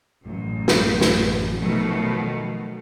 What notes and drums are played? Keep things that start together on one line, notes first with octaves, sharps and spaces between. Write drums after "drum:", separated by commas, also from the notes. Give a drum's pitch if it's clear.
A1 F#2
drum: snare
drum: snare
B2 D#3 F3 F#3 A3